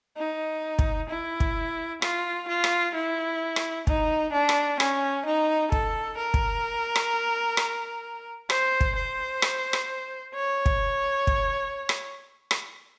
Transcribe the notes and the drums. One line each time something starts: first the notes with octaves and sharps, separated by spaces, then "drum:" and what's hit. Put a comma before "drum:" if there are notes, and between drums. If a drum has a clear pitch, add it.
D#4
drum: kick
E4
drum: kick
F4, drum: rim click
F4
drum: rim click
E4
drum: rim click
D#4, drum: kick
D4
drum: rim click
C#4, drum: rim click
D#4
A4, drum: kick
A#4
drum: kick
drum: rim click
drum: rim click
C5, drum: rim click
drum: kick
C5
drum: rim click
drum: rim click
C#5
drum: kick
drum: kick
drum: rim click
drum: rim click